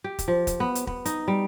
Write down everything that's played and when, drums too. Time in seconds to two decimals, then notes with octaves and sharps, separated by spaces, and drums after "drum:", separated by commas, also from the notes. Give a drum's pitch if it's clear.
0.04 G4
0.19 drum: kick, hi-hat
0.28 F3
0.47 drum: kick, hi-hat
0.60 B3
0.75 drum: hi-hat
0.87 B3, drum: kick
1.05 D#4, drum: hi-hat
1.28 G3